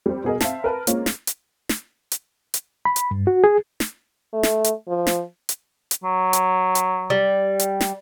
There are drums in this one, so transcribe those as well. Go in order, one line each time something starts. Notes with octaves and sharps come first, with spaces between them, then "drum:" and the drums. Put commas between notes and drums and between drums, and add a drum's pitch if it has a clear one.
G3 C4
B2 B3 G#4 A#4 D#5
C4 C5 E5 F5 A5, drum: snare
A#4 B4 A5
G#3 A#3 C4 C#4 F4, drum: hi-hat
drum: snare
drum: hi-hat
drum: snare
drum: hi-hat
drum: hi-hat
B5
drum: hi-hat
G2
F#4
G#4
drum: snare
A3
drum: snare
drum: hi-hat
F3
drum: snare
drum: hi-hat
drum: hi-hat
F#3
drum: hi-hat
drum: hi-hat
G3
drum: hi-hat
drum: snare